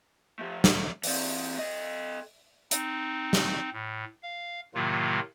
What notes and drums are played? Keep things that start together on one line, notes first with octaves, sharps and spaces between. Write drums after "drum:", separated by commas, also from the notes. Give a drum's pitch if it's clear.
F3 A3
drum: snare
E3 C4, drum: open hi-hat
A4 D#5
C4 D#4, drum: hi-hat
drum: snare
A2
F5
A2 C3 D#3 F#3 A#3 F4